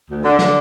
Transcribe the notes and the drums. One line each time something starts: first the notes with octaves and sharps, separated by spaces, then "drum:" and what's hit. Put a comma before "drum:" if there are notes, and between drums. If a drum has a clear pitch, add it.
D2
D3
D3, drum: snare